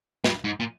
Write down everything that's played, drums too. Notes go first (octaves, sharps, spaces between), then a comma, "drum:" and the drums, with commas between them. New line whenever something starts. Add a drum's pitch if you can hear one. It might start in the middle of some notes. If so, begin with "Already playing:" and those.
G2, drum: snare
G#2
A#2